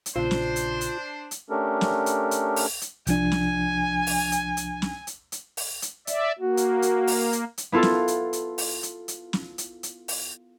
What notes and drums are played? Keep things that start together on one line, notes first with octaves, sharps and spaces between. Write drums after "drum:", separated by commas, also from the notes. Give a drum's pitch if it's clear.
drum: hi-hat
A#1 A#2 C#3 D4 F4 C5
drum: snare
drum: hi-hat
drum: hi-hat
drum: hi-hat
A3 C#4 D4 G4 A4 A#4
drum: snare
drum: hi-hat
drum: hi-hat
drum: open hi-hat
drum: hi-hat
C2 F3 D4 G#5, drum: hi-hat
drum: snare
drum: open hi-hat
drum: hi-hat
drum: hi-hat
drum: snare
drum: hi-hat
drum: hi-hat
drum: open hi-hat
drum: hi-hat
D5 E5, drum: hi-hat
A#3 F#4
drum: hi-hat
drum: hi-hat
drum: open hi-hat
drum: hi-hat
drum: hi-hat
B3 E4 F4 A4
drum: snare
drum: hi-hat
drum: hi-hat
drum: open hi-hat
drum: hi-hat
drum: hi-hat
drum: snare
drum: hi-hat
drum: hi-hat
drum: open hi-hat